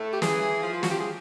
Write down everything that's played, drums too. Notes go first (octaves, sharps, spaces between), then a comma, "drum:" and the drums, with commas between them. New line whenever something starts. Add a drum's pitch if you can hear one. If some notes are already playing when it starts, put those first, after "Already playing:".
Already playing: A2 A3
G4
E3 G#4, drum: snare
F3
F4
F#4, drum: snare
G4
G#4